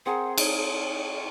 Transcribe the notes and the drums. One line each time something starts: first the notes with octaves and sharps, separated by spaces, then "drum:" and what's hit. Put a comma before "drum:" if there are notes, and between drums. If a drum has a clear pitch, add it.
C4 G#4 A#4 F#5
C#5, drum: cymbal